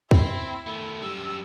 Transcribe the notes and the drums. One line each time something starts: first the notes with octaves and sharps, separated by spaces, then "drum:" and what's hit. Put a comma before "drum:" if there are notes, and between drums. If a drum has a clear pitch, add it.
C4 E4, drum: kick
D#3 A3
F#2 G3 E6